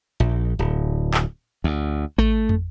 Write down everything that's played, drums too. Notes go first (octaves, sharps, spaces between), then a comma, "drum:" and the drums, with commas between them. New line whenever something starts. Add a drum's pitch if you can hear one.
A#1
D1
drum: clap
D2
A3, drum: kick A1
drum: tom